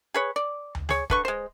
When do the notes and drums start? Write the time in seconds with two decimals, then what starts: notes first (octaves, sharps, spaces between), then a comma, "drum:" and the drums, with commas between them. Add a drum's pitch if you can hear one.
0.14 G#4 B4 C#5
0.36 D5
0.75 drum: tom D2
0.89 G#4 C#5, drum: snare
1.10 D3 B4 C#6, drum: kick
1.25 G#3 C5